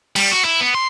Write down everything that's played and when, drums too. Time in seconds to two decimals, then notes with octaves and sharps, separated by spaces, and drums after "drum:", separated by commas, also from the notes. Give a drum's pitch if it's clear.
0.16 G3, drum: cymbal
0.31 F#4
0.45 E4
0.60 B3
0.75 C6